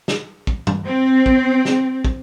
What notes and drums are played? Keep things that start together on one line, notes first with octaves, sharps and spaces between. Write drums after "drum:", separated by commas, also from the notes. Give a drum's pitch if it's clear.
drum: snare
drum: kick
drum: tom G2
C4
drum: kick
drum: snare
drum: kick